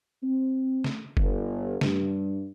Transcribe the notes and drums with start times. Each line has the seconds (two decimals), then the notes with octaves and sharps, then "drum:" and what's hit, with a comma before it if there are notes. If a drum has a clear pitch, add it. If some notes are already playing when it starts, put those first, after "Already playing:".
0.23 C4
0.84 drum: snare
1.17 G1, drum: kick F#1
1.81 G2, drum: snare